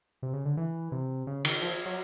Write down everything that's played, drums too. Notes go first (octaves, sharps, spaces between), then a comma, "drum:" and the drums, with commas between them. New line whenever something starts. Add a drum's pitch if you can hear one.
C3
C#3
D3
E3
C3
C#3
D#3, drum: cymbal
F3
F#3